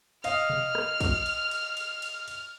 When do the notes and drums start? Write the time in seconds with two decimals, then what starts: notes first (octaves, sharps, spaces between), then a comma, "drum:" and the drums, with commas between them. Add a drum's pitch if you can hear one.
0.24 D#5 F5 D#6 F6, drum: cymbal
0.50 drum: tom B2
0.75 drum: rim click
1.00 drum: kick, cymbal
1.26 drum: cymbal
1.51 drum: cymbal
1.77 drum: cymbal
2.02 drum: cymbal
2.28 drum: cymbal